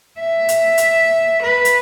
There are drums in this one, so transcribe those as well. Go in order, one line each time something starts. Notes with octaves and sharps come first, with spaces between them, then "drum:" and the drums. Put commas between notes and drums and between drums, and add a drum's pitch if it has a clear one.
E5
drum: hi-hat
drum: hi-hat
B4
drum: hi-hat